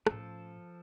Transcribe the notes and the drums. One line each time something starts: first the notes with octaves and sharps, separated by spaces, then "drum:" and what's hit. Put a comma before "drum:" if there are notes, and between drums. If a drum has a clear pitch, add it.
A2 F3 C#4 A4, drum: rim click